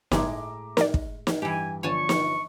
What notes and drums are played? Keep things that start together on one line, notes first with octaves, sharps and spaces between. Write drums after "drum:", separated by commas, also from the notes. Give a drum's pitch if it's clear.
G1 A2 G#3 E5 G#5 A#5 D6, drum: snare
A#4 D5, drum: snare
drum: kick
drum: snare
G2 E3 G4 G#5
G1 F3 D4 C#5 G#5 A5 C#6
drum: snare